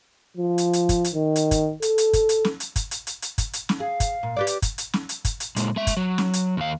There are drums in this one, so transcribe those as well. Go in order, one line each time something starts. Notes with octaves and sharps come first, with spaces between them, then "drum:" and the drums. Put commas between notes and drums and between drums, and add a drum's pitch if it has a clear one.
F3
drum: hi-hat
drum: hi-hat
drum: kick, hi-hat
drum: hi-hat
D#3
drum: hi-hat
drum: kick, hi-hat
A4, drum: hi-hat
drum: hi-hat
drum: kick, hi-hat
drum: hi-hat
drum: snare
drum: hi-hat
drum: kick, hi-hat
drum: hi-hat
drum: hi-hat
drum: hi-hat
drum: kick, hi-hat
drum: hi-hat
drum: snare
G#4 F5
drum: kick, hi-hat
A#2
G4 B4 D5
drum: hi-hat
drum: kick, hi-hat
drum: hi-hat
drum: snare
drum: hi-hat
drum: kick, hi-hat
drum: hi-hat
A#2 G#3, drum: hi-hat
G#3 E5
drum: kick, hi-hat
F#3
drum: snare
drum: hi-hat
D#2 F5